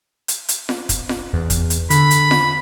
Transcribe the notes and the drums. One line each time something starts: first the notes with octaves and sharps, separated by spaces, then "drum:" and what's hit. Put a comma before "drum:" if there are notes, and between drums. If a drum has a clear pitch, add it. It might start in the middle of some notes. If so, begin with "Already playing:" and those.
drum: hi-hat
drum: hi-hat
drum: snare F4
drum: kick, hi-hat
drum: snare F4
E2
drum: kick, hi-hat
drum: hi-hat
D3 B5, drum: hi-hat
drum: hi-hat
drum: snare F4